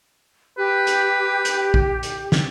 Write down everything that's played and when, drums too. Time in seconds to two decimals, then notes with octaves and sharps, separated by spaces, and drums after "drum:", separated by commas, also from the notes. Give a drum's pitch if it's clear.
0.58 G4 B4
0.87 drum: hi-hat
1.45 drum: hi-hat
1.74 drum: kick A#1
2.03 drum: hi-hat
2.32 drum: snare